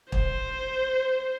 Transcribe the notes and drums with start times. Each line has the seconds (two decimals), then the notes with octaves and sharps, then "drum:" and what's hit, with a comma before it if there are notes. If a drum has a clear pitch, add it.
0.12 C5, drum: kick